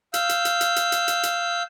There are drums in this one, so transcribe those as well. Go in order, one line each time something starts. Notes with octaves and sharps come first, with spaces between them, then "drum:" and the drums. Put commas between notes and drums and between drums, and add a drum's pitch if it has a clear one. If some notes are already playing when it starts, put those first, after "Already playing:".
F5 E6 G6, drum: hi-hat
drum: hi-hat
drum: hi-hat
drum: hi-hat
drum: hi-hat
drum: hi-hat
drum: hi-hat
drum: hi-hat